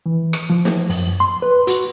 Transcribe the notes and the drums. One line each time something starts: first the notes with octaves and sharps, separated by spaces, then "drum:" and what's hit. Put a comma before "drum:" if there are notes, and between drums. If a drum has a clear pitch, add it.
E3
drum: rim click
F3
drum: snare
F#2, drum: open hi-hat
C6
B4
F#4, drum: hi-hat